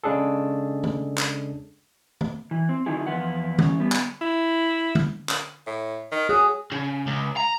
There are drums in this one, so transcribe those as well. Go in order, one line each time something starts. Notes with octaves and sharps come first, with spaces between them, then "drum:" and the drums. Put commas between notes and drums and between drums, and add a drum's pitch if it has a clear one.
C#3 G#3 D4 G#4 A4
drum: tom D#3
drum: clap
drum: tom D#3
E3
C4
D3 D#3 F#3 D#4 E4 G#4
E2 D#3 F3 B4 F#5
E3 C#4, drum: tom
G3 B3
drum: clap
E4
drum: tom
drum: clap
A2
D#3
F#3 G#4 D#6
C#3
C#2
A#5